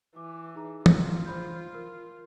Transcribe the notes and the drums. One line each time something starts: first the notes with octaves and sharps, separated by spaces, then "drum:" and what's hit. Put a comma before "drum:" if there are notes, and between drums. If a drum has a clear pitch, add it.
E3 D6
D#4 G#4 A#5
F4, drum: tom E3
C5 B5 G6
A#4